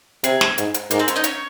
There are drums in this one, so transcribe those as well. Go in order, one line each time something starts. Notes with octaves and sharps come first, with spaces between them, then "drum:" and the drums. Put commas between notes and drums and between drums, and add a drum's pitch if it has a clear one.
C3 G#4, drum: hi-hat
drum: snare
G#2, drum: hi-hat
drum: hi-hat
G#2 A#3 A#4, drum: hi-hat
C4 C5
C#4 C#5, drum: hi-hat
D#4 D#5
C#4 C#5, drum: hi-hat